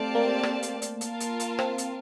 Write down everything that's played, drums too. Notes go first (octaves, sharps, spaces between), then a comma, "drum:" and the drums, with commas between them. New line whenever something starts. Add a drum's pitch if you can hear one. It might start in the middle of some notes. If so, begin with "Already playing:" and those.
Already playing: A3 C4 G4 D5 F5 A5
A#3
drum: rim click
drum: hi-hat
drum: hi-hat
F4 A#4 F5 A5, drum: hi-hat
drum: hi-hat
drum: hi-hat
C4, drum: rim click
drum: hi-hat